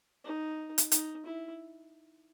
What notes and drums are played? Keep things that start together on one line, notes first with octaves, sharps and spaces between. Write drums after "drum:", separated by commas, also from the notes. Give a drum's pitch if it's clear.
D#4
drum: hi-hat
D#4, drum: hi-hat
E4